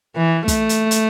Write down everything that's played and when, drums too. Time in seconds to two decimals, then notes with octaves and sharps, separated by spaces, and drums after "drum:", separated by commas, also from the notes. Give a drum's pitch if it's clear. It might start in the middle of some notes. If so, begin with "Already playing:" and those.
0.16 E3
0.48 A3, drum: kick, hi-hat
0.69 drum: hi-hat
0.91 drum: hi-hat